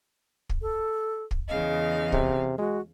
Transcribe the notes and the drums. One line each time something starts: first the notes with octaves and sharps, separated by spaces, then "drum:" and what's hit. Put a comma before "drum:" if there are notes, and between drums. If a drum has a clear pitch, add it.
drum: kick
A4
drum: kick
E2 C#3 D#5 F5
C3, drum: kick
G#3 F#4